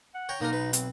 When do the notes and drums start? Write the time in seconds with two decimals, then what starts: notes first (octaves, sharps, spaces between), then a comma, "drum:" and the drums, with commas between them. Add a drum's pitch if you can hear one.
0.14 F#5
0.29 C#5 G5 A#5
0.41 B1 A#3 D4 D#4 A#4
0.53 B4
0.73 C4, drum: hi-hat